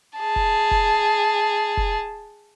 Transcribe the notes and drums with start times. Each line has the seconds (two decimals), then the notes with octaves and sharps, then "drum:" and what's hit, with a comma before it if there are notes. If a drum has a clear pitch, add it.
0.18 G#4 A5
0.36 drum: kick
0.71 drum: kick
1.77 drum: kick